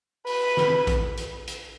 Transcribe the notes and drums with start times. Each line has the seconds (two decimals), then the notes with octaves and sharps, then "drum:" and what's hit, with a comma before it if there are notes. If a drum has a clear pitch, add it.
0.27 B4, drum: open hi-hat
0.57 drum: snare
0.87 drum: kick A#1, hi-hat
1.17 drum: hi-hat
1.47 drum: hi-hat